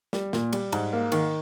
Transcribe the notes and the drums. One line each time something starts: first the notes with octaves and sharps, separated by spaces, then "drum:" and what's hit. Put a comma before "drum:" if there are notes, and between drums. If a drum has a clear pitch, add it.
G3, drum: snare
A#2, drum: snare
G3, drum: cymbal
G#2, drum: cymbal
A#3
D#3, drum: cymbal